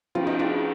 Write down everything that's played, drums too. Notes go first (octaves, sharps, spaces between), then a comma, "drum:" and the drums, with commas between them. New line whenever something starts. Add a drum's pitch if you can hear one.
F3 F4, drum: cymbal
D#4
D4 F4